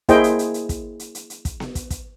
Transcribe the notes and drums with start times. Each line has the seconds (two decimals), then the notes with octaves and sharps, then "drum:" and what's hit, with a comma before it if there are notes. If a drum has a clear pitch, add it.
0.09 A#3 E4 G#4 C5 D#5 G5, drum: kick, hi-hat
0.24 drum: hi-hat
0.39 drum: hi-hat
0.54 drum: hi-hat
0.69 drum: kick, hi-hat
1.00 drum: hi-hat
1.15 drum: hi-hat
1.30 drum: hi-hat
1.45 drum: kick, hi-hat
1.60 drum: snare B3
1.75 drum: kick, hi-hat
1.90 drum: kick, hi-hat